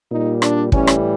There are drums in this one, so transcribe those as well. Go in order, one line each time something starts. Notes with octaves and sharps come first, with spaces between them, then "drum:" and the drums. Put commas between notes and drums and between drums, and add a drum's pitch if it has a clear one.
A#2 G3 D#4
D4, drum: rim click
A2 E3 G3 C#4, drum: kick
drum: rim click